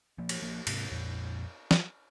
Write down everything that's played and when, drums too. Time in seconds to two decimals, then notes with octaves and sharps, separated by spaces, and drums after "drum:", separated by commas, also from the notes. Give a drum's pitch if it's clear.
0.18 F3 A#3
0.29 drum: cymbal
0.42 F3 A#3
0.67 G#2 C3, drum: cymbal
0.92 F2 A#2
1.71 drum: snare